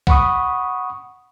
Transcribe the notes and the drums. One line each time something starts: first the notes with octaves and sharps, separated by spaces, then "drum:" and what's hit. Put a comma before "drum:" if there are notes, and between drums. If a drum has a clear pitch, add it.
F#5 B5 C#6 D#6, drum: kick